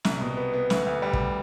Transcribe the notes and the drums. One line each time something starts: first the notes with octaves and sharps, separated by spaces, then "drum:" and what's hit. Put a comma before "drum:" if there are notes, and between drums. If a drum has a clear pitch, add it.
C2, drum: snare
B2
B3
B3
D2, drum: snare
D2
G3
drum: kick